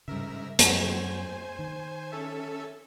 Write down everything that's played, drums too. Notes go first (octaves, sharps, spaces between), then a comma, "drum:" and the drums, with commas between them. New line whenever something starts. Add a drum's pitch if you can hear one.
G#2 C#3 G3 A#4 E5
F#2 C5 G#5, drum: hi-hat
D#3
C#4 A4 E5